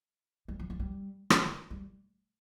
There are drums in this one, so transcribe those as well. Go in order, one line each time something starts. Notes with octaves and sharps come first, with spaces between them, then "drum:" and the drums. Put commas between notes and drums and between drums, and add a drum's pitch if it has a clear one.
G3
F3
F3
G3
drum: rim click
G3